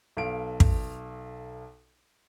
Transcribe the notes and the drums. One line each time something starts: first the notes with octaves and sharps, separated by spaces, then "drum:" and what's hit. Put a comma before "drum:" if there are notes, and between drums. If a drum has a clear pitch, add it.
B1 A4 F5 D7
drum: kick